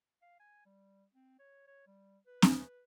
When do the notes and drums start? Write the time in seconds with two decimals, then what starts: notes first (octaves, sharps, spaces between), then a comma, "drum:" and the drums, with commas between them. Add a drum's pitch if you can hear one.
0.22 F5
0.40 G#5
0.66 G3
1.14 C4
1.39 C#5
1.67 C#5
1.87 G3
2.27 B4
2.42 drum: snare C4